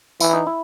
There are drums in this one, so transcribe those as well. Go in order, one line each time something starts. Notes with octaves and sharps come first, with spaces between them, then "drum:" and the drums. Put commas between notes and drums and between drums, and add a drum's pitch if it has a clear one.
E3 E4, drum: tambourine
D#4
E4